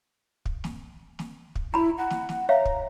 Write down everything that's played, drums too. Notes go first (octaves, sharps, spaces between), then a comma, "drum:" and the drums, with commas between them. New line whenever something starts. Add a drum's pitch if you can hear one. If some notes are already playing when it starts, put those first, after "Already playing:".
drum: kick
drum: snare
drum: snare
drum: kick
E4 A#5 B5
F#5
drum: snare
drum: snare
C#5 E5 F5 A#5
drum: kick